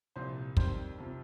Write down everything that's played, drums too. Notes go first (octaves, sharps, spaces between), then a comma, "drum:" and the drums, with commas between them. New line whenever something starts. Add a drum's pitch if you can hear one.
C2 A#2 F3 C5
F2 D#3 G3 C5, drum: kick
F2 C3 F3